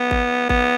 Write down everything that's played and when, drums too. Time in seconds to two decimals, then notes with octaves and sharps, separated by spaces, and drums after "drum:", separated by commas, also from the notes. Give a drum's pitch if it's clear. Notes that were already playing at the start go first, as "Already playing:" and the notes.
Already playing: B3
0.11 drum: kick G#1
0.49 B3, drum: kick G#1